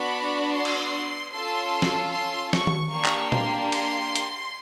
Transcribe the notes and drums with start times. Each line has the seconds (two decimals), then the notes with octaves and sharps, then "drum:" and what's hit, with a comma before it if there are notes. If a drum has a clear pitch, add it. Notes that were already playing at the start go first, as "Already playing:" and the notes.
Already playing: B3 D4 F#4 B5
0.55 C6
0.65 drum: cymbal
1.34 C#4 F4 A4 C6
1.82 drum: snare
2.13 C6
2.53 C#6, drum: snare
2.67 drum: tom D#3
2.92 A#3 D4 G4 C#6
3.05 drum: clap
3.32 C6, drum: tom A#2
3.72 C6, drum: cymbal
4.15 drum: hi-hat